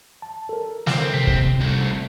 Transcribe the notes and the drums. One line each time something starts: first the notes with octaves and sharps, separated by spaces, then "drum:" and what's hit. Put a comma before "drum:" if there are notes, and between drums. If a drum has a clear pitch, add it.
A5
A4 A#4
D#2 C4, drum: snare
C3 B6
drum: kick
C2 A3